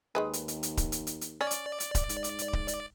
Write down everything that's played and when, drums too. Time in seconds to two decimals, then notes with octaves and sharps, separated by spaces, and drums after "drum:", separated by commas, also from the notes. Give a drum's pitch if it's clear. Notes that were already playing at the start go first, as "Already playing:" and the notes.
0.15 D#2 D#3 G#3 B4
0.33 drum: hi-hat
0.48 drum: hi-hat
0.63 drum: hi-hat
0.77 drum: kick D1, hi-hat
0.92 drum: hi-hat
1.07 drum: hi-hat
1.21 drum: hi-hat
1.41 C#4 D5
1.51 drum: hi-hat
1.80 drum: hi-hat
1.95 drum: kick D1, hi-hat
2.09 G#2, drum: hi-hat
2.24 drum: hi-hat
2.39 drum: hi-hat
2.53 drum: kick D1
2.68 drum: hi-hat